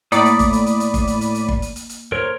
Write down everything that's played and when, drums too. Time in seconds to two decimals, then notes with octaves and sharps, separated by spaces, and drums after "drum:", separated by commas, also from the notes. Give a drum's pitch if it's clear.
0.12 A2 A#3 D5 B5 D#6, drum: hi-hat
0.26 drum: hi-hat
0.39 drum: kick G1, hi-hat
0.53 drum: hi-hat
0.67 drum: hi-hat
0.80 drum: hi-hat
0.94 drum: kick G1, hi-hat
1.08 drum: hi-hat
1.21 drum: hi-hat
1.35 drum: hi-hat
1.49 drum: kick G1
1.62 drum: hi-hat
1.76 drum: hi-hat
1.90 drum: hi-hat
2.12 A#4 C5 C#5